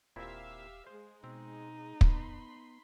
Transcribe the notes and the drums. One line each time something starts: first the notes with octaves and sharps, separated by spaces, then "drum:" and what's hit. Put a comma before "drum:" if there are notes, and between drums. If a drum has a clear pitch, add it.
D#1 A#2 C4 E4 G4 E5 F5
G#3 G#4 C5
B2 C4 D#4
B3 B5 C6, drum: kick